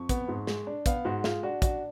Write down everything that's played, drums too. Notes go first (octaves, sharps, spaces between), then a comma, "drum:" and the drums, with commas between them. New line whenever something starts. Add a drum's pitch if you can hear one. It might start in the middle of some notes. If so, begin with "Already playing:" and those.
Already playing: F2 C#6
B3, drum: kick, hi-hat
G#2
G#3, drum: snare
D4
B3 F5, drum: kick, hi-hat
G#2 F#4
G#3 F4, drum: snare
D4 F#4
D4 F#4, drum: kick, hi-hat